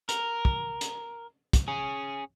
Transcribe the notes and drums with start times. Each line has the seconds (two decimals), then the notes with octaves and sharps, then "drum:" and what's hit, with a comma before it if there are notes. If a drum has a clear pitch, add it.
0.09 A#4, drum: hi-hat
0.45 drum: kick
0.81 drum: hi-hat
1.53 drum: kick, hi-hat
1.68 C#4 G#4